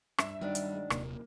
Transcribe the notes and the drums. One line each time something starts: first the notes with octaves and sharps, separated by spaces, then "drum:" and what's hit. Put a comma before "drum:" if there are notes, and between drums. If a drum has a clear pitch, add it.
G2 E5 E7, drum: rim click
D#3 F#3 G3 D4
drum: hi-hat
G#3
D#1 C3 A#3, drum: rim click